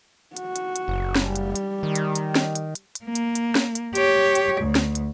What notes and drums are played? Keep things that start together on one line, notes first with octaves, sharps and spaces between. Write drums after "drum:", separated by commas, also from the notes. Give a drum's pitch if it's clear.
F#4, drum: hi-hat
drum: hi-hat
drum: hi-hat
F#1
drum: snare
G3
drum: hi-hat
drum: hi-hat
D#3
drum: hi-hat
drum: hi-hat
drum: snare
drum: hi-hat
drum: hi-hat
drum: hi-hat
A#3
drum: hi-hat
drum: hi-hat
drum: snare
drum: hi-hat
G4 C#5, drum: hi-hat
drum: hi-hat
D2
drum: snare
drum: hi-hat